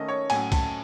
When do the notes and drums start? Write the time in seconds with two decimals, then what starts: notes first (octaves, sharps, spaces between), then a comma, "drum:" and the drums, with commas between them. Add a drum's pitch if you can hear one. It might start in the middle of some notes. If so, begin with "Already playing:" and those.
Already playing: D#3 A3 C#4 D#5
0.08 C#5
0.30 A2 F#3 A3 C#4 G#5, drum: cymbal
0.52 A5, drum: kick C2, cymbal